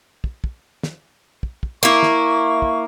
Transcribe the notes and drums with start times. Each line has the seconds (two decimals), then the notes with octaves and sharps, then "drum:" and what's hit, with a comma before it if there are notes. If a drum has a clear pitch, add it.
0.24 drum: kick
0.44 drum: kick
0.83 drum: snare
1.43 drum: kick
1.63 drum: kick
1.83 A#3 E4 C#6
2.03 drum: snare
2.62 drum: kick